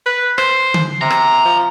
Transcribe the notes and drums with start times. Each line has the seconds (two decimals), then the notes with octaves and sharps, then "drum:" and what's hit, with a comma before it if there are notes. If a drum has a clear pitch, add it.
0.06 B4
0.38 C5, drum: rim click
0.74 drum: tom D3
1.01 C3 A#5
1.11 drum: rim click
1.45 F3